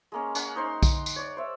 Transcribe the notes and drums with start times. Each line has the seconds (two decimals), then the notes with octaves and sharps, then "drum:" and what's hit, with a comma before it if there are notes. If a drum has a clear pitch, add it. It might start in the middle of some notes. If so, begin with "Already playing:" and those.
0.12 G#3 A#3 C#4
0.35 C#4 F#5, drum: tambourine
0.55 D#4 C5 C6
0.83 drum: kick B1, tambourine
1.06 drum: tambourine
1.16 C#5 D5
1.37 C5 E5